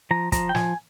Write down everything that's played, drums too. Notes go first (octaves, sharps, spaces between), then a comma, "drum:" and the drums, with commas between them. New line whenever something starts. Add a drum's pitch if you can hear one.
F3 A#5
F3 A#5, drum: kick, hi-hat
G5
F3 G#5, drum: snare